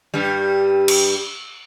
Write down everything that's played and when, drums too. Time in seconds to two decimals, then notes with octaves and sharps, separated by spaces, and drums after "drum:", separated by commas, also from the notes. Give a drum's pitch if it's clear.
0.14 G2 G3
0.88 drum: cymbal